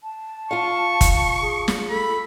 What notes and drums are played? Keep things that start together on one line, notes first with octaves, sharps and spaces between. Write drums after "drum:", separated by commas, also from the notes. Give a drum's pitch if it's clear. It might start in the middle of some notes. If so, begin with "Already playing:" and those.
A5
F4 F5 C#6
drum: kick, hi-hat
G#4
drum: snare
A4 B5